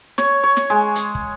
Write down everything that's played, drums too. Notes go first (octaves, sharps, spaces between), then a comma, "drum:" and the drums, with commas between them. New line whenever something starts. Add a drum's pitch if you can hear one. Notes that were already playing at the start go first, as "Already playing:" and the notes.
C#5, drum: snare
C#5
drum: snare
G#3
drum: hi-hat
drum: kick